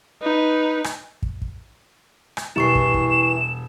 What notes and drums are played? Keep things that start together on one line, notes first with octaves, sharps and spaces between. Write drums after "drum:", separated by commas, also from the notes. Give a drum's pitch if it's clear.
D#4 B4
drum: rim click
drum: kick
drum: kick
drum: rim click
E1 E3 G3 E4 C#6 C7 E7
drum: kick
drum: kick